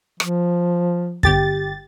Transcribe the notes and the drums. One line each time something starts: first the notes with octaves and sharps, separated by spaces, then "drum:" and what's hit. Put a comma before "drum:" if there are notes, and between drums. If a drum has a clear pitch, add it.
F3, drum: rim click
G1 G4 A6, drum: kick